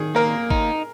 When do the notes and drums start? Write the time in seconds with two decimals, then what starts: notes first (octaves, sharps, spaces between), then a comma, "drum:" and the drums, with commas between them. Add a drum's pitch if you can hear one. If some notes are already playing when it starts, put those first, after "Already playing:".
Already playing: D#3 G#4
0.15 A#3 A#4
0.50 D#4, drum: kick